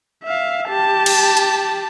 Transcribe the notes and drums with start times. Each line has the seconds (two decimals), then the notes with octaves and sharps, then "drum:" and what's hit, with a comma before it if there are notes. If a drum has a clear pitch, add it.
0.24 E5 F5
0.69 G4 A5
1.06 drum: cymbal
1.37 drum: hi-hat